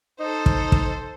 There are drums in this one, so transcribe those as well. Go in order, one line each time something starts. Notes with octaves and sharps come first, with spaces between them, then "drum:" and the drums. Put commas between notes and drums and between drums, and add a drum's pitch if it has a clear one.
D#4 A4 C5
drum: kick
drum: kick